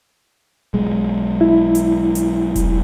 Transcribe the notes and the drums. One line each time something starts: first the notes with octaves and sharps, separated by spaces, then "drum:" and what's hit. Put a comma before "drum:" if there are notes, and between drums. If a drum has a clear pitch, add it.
B1 G#3
E4
drum: hi-hat
drum: hi-hat
drum: kick E1, hi-hat